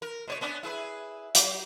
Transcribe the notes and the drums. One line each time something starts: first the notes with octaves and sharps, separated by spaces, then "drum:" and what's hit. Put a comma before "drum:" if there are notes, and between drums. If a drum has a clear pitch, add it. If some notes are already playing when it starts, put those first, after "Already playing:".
A#4
B2 C5 C#5
B3 C#4 D4
E4 G#4 B4
F#3 G4, drum: hi-hat